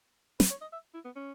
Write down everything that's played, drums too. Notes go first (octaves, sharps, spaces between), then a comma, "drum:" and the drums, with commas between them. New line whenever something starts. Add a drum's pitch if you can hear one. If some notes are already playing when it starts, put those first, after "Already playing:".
B4, drum: snare
C#5
D#5
E5
E4
B3
C#4